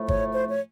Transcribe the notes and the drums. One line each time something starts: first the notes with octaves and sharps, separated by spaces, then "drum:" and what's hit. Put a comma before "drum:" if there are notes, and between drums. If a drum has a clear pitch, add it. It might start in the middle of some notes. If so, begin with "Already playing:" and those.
Already playing: A2 F3 A3
C#5, drum: kick
C5
C#5